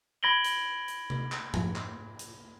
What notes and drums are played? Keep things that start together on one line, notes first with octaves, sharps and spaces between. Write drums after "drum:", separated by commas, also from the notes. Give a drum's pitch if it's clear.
B5 G#6 A#6 D7 F#7 G7
drum: hi-hat
drum: hi-hat
drum: tom C3
drum: clap
drum: tom G#2
drum: clap
drum: hi-hat